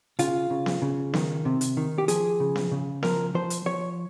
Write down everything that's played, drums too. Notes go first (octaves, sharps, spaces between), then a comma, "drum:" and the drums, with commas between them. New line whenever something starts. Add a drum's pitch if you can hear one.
C#3 F4, drum: hi-hat
C#3
drum: snare B3
C#3
D#3, drum: snare B3
C3
drum: hi-hat
D#3
G4
F3 G#4, drum: hi-hat
C#3
drum: snare B3
C#3
F3 A#4, drum: snare B3
F3 C5
drum: hi-hat
F3 C#5